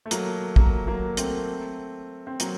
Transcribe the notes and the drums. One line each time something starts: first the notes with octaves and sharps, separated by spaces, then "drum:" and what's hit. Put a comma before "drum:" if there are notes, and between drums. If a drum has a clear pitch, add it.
A3
F#3 A#3, drum: hi-hat
F#3 A#3, drum: kick
F#3 A#3
A3 C4, drum: hi-hat
C4
F#3 A#3, drum: hi-hat